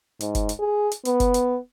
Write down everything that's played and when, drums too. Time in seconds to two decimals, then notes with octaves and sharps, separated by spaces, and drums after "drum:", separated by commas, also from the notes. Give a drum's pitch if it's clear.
0.20 G#2, drum: hi-hat
0.35 drum: kick F#1, hi-hat
0.49 drum: hi-hat
0.59 G#4
0.91 drum: hi-hat
1.05 B3, drum: hi-hat
1.20 drum: kick F#1, hi-hat
1.34 drum: hi-hat